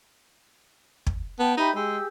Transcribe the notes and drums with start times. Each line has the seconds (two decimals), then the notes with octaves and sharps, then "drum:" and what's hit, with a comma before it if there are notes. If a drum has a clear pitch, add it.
1.07 drum: kick
1.39 B3 G5 A5
1.57 D#4 G4 E5 B5
1.75 G#3 G4 G#4 E6